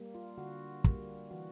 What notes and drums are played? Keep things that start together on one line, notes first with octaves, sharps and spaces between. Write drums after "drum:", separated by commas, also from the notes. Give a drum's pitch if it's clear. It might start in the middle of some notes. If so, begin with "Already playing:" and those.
Already playing: G3 A#3
F4
D3 F#4
G3 A#3, drum: kick
E3 F#4